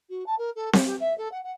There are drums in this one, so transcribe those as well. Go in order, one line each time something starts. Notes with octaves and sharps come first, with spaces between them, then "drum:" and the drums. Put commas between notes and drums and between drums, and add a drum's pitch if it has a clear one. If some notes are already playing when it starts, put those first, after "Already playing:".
F#4
A5
A#4
A4
G4, drum: snare C4
G4
E5
A4
F#5
F#5